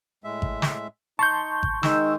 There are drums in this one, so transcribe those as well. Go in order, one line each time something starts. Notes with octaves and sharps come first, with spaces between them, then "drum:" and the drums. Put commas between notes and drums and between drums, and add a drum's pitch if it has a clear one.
A2 G#3 E5
drum: kick G#1
drum: snare
D#4 A5 C6 C#6 G6
drum: kick G#1
D#3 G#3 D#4 E6, drum: snare